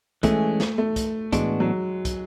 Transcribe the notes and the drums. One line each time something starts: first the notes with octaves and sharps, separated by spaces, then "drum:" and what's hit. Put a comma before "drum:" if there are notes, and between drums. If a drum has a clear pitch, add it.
E3 G#3 A3 C#4 G#4, drum: kick, hi-hat
drum: snare
A3
drum: kick, hi-hat
A2 E3 G#3 B3 D4 F#4, drum: kick, hi-hat
F#3
drum: kick, hi-hat